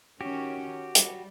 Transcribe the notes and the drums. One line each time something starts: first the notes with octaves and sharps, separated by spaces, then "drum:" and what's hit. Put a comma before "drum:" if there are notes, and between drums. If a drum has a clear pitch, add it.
D#3 C#4 F#4 G4
G3, drum: hi-hat